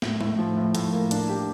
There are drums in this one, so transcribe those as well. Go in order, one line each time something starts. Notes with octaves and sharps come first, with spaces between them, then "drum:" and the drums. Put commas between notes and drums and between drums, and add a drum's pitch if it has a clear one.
A2, drum: snare
A2, drum: tom G#3
F3
A2
A2, drum: hi-hat
A#3
D4, drum: hi-hat
G4